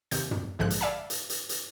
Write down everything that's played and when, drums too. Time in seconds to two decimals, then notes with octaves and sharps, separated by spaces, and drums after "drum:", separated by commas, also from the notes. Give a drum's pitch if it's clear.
0.11 D#2 C3 G6, drum: hi-hat
0.31 drum: tom
0.59 A#1 G#2 D3 F3 G#3 F#6
0.70 drum: hi-hat
0.80 D5 E5 F5 G#5 A5 B5
1.10 drum: hi-hat
1.30 drum: hi-hat
1.49 drum: hi-hat